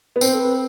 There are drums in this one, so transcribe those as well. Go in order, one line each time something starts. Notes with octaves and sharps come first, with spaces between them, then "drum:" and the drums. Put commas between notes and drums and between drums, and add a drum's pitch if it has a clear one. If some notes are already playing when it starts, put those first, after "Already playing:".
B3
C4 C5, drum: tambourine
A4
B4